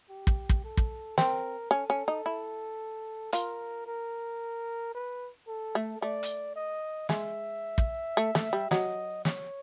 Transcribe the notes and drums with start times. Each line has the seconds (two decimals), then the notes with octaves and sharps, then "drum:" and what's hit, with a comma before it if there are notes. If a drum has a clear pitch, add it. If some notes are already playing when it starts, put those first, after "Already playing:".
0.09 G4
0.27 drum: kick
0.49 drum: kick
0.64 A4
0.77 drum: kick
1.18 C4 A#4, drum: snare
1.71 C#4 A4
1.90 C#4
2.08 D#4
2.26 E4
3.32 F4 A#4, drum: hi-hat
3.87 A#4
4.95 B4
5.48 A4
5.75 A3
6.01 A3 D5
6.23 drum: hi-hat
6.56 D#5
7.09 G#3 E5, drum: snare
7.78 drum: kick
8.17 A3
8.35 A3, drum: snare
8.53 G3
8.71 F#3 D#5, drum: snare
9.25 C#5, drum: snare